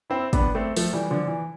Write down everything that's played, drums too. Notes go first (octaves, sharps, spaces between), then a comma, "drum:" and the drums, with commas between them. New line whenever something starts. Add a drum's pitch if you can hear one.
C4 E4
B3 D4, drum: kick, hi-hat
A3 C4
F3 A3, drum: open hi-hat
E3 G3
D3 F3
E3